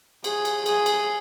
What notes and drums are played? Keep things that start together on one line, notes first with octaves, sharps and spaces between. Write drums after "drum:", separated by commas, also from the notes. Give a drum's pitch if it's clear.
G#4, drum: cymbal
drum: cymbal
G#4, drum: cymbal
drum: cymbal